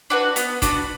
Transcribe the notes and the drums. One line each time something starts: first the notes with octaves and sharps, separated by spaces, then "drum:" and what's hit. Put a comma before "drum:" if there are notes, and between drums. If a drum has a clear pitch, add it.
D4 F#4 B4
B3, drum: hi-hat
D4 F#4 B4, drum: kick, hi-hat